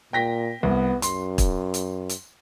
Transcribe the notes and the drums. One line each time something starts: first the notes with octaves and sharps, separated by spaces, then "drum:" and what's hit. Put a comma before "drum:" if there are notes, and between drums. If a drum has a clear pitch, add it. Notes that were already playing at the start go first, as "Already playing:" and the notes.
A#2 G5 A#6 B6
C2 B3
F#2 C6, drum: hi-hat
drum: kick, hi-hat
drum: hi-hat
drum: hi-hat